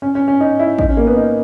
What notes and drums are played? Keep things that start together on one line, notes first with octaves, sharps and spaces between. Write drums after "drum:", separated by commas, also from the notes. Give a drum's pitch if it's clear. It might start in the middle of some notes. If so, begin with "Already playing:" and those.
C#4
C#4
C#4
D#4
E4
D#4, drum: kick
C#4
A#3
B3
D#4